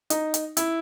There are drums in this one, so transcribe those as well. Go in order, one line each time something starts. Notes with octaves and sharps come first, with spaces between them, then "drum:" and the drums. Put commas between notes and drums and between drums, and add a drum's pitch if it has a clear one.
D#4, drum: hi-hat
drum: hi-hat
E4, drum: hi-hat